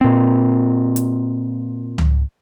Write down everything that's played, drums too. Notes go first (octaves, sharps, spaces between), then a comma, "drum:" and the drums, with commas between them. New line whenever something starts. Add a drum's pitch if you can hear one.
A#2 C4
drum: hi-hat
drum: tom C#2